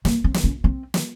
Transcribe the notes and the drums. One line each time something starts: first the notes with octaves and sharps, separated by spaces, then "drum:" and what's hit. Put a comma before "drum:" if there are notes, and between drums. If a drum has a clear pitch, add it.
A#3, drum: snare
C4
drum: snare
C#4
C4
drum: snare